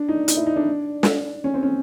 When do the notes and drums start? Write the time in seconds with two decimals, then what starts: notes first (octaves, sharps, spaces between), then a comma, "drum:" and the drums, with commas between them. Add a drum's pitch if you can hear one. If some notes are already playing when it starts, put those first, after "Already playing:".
Already playing: D4
0.09 D#4
0.28 D#4, drum: hi-hat
0.37 E4
0.46 D#4
0.56 D4
1.03 drum: snare
1.44 C#4
1.54 C4
1.63 C#4